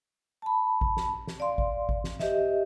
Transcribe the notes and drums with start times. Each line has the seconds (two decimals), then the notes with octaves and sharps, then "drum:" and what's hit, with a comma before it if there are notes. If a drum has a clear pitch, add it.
0.42 A5 B5
0.81 drum: kick G#1
0.97 drum: snare
1.27 drum: snare
1.40 D5 F5 C6
1.58 drum: kick G#1
1.89 drum: kick G#1
2.04 drum: snare
2.20 G4 C5 D#5 E5, drum: snare